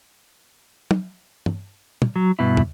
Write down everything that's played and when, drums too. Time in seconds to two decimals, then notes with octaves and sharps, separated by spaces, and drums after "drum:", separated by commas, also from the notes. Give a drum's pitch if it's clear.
0.91 drum: tom
1.46 drum: tom
2.02 drum: tom
2.16 F#3
2.39 G2 B2 E4
2.57 drum: tom